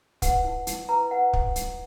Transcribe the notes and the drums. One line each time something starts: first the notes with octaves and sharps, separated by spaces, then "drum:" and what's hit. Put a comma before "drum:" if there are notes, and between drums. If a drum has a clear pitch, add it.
B4 F#5, drum: kick, hi-hat
E4
E4, drum: hi-hat
B4 A#5
B4 F#5
drum: kick
drum: hi-hat